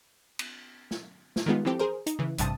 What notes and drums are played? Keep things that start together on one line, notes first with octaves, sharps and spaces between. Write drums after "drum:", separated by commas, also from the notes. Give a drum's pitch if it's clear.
drum: cymbal
drum: snare
drum: snare
D#3 G3 G#3 B3 F4
E3 F3 C4 G4 A4
G#4 A#4 C5
D#4, drum: hi-hat
C#3 E3
A1 G2 C3 A5 D#6, drum: hi-hat